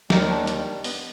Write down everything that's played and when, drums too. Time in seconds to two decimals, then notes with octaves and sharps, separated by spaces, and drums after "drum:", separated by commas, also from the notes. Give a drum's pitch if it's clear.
0.10 D#2 D#3 G3 D#4, drum: snare
0.29 D4
0.47 drum: hi-hat
0.84 B3, drum: open hi-hat